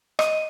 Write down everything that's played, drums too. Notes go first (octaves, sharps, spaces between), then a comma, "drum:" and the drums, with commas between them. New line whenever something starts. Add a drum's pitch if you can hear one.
D#5, drum: rim click